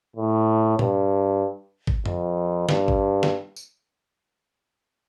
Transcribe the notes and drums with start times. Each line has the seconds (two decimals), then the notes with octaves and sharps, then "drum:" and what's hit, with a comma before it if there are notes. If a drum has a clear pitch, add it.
0.16 A2
0.79 G2, drum: tom
1.87 drum: kick
2.06 F2, drum: tom F2
2.69 G2, drum: snare
2.88 drum: kick
3.23 drum: snare
3.56 drum: tambourine